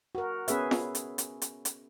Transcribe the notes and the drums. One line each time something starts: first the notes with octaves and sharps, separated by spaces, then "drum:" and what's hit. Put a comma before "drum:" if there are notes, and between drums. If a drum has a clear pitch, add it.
F#4 A#4
B3 C#4 G#4 B4 E5, drum: hi-hat
drum: snare
drum: hi-hat
drum: hi-hat
drum: hi-hat
drum: hi-hat